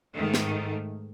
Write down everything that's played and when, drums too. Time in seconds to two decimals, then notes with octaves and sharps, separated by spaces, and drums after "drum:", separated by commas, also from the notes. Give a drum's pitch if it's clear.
0.14 G#2 D#3 A3
0.34 drum: snare